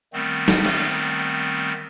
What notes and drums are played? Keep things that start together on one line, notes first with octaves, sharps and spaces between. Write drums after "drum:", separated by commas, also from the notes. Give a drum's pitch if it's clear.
D#3 G3 A3 B3 C4
drum: snare
drum: cymbal